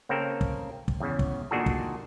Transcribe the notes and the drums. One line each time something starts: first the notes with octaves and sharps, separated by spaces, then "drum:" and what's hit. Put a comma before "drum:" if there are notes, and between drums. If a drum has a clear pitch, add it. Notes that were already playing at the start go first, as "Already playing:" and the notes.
C#3 A#3 C4 A4 A#4
drum: kick
drum: kick
E2 C#3
drum: kick
A#2 D#3 D4 F#4 G#4 A4
drum: kick